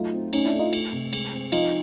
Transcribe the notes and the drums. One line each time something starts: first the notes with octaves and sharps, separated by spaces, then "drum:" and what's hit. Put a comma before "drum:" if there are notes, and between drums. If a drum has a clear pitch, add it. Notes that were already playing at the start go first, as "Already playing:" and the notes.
Already playing: F#3 A3 D#4 F4
C4
A3 C#4 D#4, drum: cymbal
D4 E4
A3
D#4 F4
A3, drum: cymbal
C3
G#3, drum: cymbal
C4
F3 D#4 F4, drum: cymbal